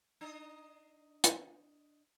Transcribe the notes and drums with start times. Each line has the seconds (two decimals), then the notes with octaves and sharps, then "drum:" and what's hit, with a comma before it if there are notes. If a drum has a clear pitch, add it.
0.21 D4 D#5
1.24 drum: hi-hat